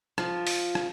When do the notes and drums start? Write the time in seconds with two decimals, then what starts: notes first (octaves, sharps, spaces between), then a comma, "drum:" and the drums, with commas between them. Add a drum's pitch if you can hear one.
0.18 F3, drum: rim click
0.47 drum: open hi-hat
0.75 drum: rim click